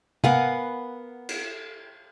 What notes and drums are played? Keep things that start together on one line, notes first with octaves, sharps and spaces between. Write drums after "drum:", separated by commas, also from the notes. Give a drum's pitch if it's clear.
B3 A#4 F5 F#5 G#5, drum: tom C3
drum: cymbal